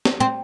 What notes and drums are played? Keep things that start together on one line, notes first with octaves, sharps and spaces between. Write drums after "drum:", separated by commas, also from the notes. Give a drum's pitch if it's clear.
drum: snare
C4